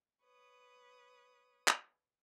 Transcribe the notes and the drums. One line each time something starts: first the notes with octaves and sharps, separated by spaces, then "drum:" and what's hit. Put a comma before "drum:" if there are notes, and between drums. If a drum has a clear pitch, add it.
B4 C#5 D#6
drum: clap